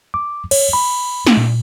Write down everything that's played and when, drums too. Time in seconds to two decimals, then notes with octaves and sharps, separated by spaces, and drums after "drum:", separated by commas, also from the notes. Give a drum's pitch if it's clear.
0.14 D6
0.51 C#5, drum: cymbal
0.73 B5
1.27 drum: snare
1.37 A#2